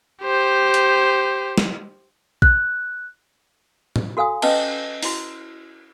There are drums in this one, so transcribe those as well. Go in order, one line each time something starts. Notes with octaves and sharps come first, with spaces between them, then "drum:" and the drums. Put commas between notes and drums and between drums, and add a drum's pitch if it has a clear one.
G4 C5
drum: hi-hat
drum: snare
F#6, drum: kick A#1
drum: tom
F#4 A4 F5 G#5 D#6
C#4 B4 D#5 A5, drum: cymbal
E4 F#4, drum: open hi-hat